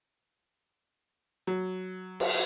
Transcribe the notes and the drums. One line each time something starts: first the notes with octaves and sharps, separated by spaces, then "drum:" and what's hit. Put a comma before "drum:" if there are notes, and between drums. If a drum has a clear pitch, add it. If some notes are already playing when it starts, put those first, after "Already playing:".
F#3
drum: cymbal